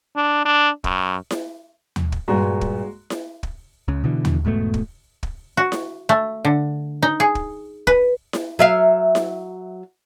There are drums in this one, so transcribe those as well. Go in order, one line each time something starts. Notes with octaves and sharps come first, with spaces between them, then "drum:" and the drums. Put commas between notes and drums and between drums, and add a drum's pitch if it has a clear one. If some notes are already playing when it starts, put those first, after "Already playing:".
D4
D4
F#2, drum: kick
drum: snare E4
drum: tom D#2
drum: kick
G2 A#2 G#3 F#4 A#5
drum: kick
drum: snare E4
drum: kick
C#2 C#3
B2 D3 E3
drum: tom D#2
E1 G#2 B2 A3
drum: kick
drum: kick
F#4
drum: snare E4
A3
D3
D#4
G#4
drum: kick
B4, drum: kick
drum: snare E4
F#3 E5 F5
drum: snare E4